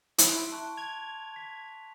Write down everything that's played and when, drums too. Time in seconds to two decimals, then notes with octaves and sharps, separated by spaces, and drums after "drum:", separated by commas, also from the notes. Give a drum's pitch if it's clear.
0.18 E4 C6 F#6 D7, drum: hi-hat
0.52 A5 C#6 F#6
0.77 G#6 F7
1.36 B6